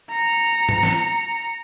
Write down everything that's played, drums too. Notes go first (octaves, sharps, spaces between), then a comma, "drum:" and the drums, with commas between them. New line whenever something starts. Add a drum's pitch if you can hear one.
A#5 C#7
drum: tom
drum: snare